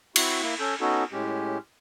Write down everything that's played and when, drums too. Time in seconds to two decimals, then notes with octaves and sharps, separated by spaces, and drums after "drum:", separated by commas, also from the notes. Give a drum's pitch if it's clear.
0.16 C4 E4 F#4, drum: cymbal
0.42 A#3 E4
0.60 C#4 A4 G6
0.81 B3 C#4 D#4 F#4 A4
1.12 A2 G#3 C#4 G4